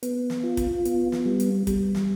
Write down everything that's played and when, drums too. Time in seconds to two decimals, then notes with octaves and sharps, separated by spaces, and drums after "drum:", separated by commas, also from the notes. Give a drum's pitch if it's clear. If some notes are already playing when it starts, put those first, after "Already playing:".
0.03 B3, drum: hi-hat
0.30 drum: snare
0.44 F4
0.57 drum: kick, hi-hat
0.85 B3, drum: hi-hat
1.12 drum: snare
1.26 G3
1.40 drum: hi-hat
1.67 G3, drum: kick, hi-hat
1.95 drum: snare